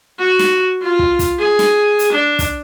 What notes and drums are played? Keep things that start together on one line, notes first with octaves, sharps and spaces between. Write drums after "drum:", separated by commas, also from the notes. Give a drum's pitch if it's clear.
F#4
drum: snare
F4
drum: kick
drum: kick, hi-hat
G#4
drum: snare
drum: hi-hat
D4
drum: kick, hi-hat